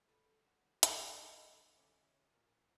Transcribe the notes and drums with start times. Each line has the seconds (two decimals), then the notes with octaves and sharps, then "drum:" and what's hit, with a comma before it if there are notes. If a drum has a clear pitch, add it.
0.08 G3 A4 B4
0.42 G3 F#4
0.83 drum: hi-hat
1.01 A3 D#5
1.76 D3 C#4 E4
2.32 A#2